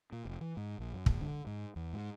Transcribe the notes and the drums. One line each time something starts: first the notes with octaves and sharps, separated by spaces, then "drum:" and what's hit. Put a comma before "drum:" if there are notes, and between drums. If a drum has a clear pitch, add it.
A#2
F1
E3
G#2
A#1
F#2
A#1, drum: kick
D3
G#2
E2
G#2